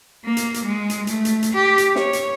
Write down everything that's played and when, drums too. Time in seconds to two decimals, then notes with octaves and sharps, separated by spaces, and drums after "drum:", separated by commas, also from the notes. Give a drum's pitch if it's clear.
0.25 A#3
0.37 drum: hi-hat
0.54 drum: hi-hat
0.66 G#3
0.90 drum: hi-hat
1.07 A3, drum: hi-hat
1.25 drum: hi-hat
1.43 drum: hi-hat
1.54 G4
1.78 drum: hi-hat
1.95 C#5, drum: snare
2.13 drum: hi-hat